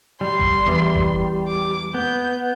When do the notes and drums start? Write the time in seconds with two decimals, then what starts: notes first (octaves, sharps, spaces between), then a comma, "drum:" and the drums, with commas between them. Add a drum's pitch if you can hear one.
0.21 G3 C6
0.39 drum: kick G1
0.67 E2 E3
0.94 drum: kick G1
1.47 D6
1.94 B3 G6